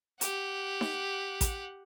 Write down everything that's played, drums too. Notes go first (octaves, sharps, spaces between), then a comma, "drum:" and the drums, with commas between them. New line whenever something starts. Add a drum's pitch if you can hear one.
G4 F#5, drum: hi-hat
drum: snare D#4
drum: kick A1, hi-hat